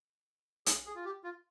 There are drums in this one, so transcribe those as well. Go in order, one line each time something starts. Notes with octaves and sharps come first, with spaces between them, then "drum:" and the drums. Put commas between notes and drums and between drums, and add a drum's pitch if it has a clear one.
G#4, drum: hi-hat
G#4
F4
G4
F4